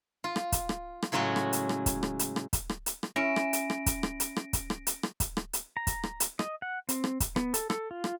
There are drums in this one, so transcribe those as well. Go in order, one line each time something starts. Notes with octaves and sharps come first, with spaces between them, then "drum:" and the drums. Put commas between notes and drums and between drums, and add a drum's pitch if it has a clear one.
F4
drum: rim click
drum: kick, hi-hat
drum: rim click
drum: rim click
A2 C#3 F#3 G#3 F#4
drum: rim click
drum: hi-hat
drum: rim click
drum: kick, hi-hat
drum: rim click
drum: hi-hat
drum: rim click
drum: kick, hi-hat
drum: rim click
drum: hi-hat
drum: rim click
C#4 E4 A#6 D7
drum: rim click
drum: hi-hat
drum: rim click
drum: kick, hi-hat
drum: rim click
drum: hi-hat
drum: rim click
drum: kick, hi-hat
drum: rim click
drum: hi-hat
drum: rim click
drum: kick, hi-hat
drum: rim click
drum: hi-hat
A#5
drum: kick, hi-hat
drum: rim click
drum: hi-hat
D#5, drum: rim click
F#5
C4, drum: hi-hat
drum: rim click
drum: kick, hi-hat
B3, drum: rim click
A4, drum: hi-hat
A4, drum: rim click
F4
drum: rim click